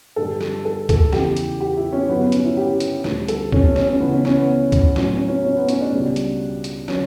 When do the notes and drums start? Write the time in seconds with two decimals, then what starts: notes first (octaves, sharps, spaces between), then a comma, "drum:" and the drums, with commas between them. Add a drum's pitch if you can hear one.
0.16 G2 D3 G3 A4
0.41 drum: snare
0.65 A4
0.89 A4, drum: kick C#2, hi-hat
1.13 E2 C#3 E3 G4, drum: snare
1.37 drum: hi-hat
1.60 G4
1.77 E4
1.93 C#4
2.08 G2 D3 F#3 B3
2.21 B3
2.32 C#4, drum: hi-hat
2.45 E4
2.57 G4
2.80 drum: hi-hat
3.04 D2 D3 G3, drum: snare
3.28 A4, drum: hi-hat
3.52 C#4, drum: kick C#2
3.64 C#4
3.76 C#4, drum: snare
3.89 C#4
4.00 C#2 C#3 E3 B3
4.13 C#4
4.25 C#4, drum: snare
4.37 B3
4.72 drum: kick C#2, hi-hat
4.96 A2 F#3 C#4, drum: snare
5.13 C#4
5.28 C#4
5.45 C#4
5.56 B3
5.69 C#4, drum: hi-hat
5.80 D4
5.92 C#2 B2 G3
6.16 drum: hi-hat
6.64 drum: hi-hat
6.88 D3 F#3 C#4, drum: snare